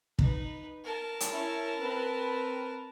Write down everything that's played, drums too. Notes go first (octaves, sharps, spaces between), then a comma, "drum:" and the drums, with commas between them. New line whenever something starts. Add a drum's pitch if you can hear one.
D#4 B4, drum: kick
A#4 A5
drum: hi-hat
C#4 E4
C4 B4